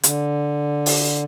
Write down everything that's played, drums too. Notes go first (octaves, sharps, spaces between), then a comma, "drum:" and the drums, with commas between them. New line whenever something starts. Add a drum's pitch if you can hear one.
D3, drum: hi-hat
drum: open hi-hat